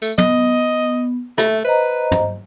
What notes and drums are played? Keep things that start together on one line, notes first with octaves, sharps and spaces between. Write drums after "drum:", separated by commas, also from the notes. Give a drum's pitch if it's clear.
A3, drum: tambourine
B3 D#5, drum: tom
A3 E5, drum: rim click
B4 C5 D#5 A#5
drum: tom